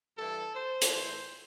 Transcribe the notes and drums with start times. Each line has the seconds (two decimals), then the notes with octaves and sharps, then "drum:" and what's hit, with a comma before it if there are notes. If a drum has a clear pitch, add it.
0.18 G2 E3 A4
0.55 C5
0.81 drum: hi-hat
0.93 A2 E3 C5